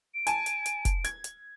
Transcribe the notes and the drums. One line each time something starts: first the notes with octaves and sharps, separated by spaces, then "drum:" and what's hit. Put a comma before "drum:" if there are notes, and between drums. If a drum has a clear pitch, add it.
D7
G#5 A5, drum: hi-hat
drum: hi-hat
drum: hi-hat
drum: kick F1, hi-hat
G#6, drum: hi-hat
drum: hi-hat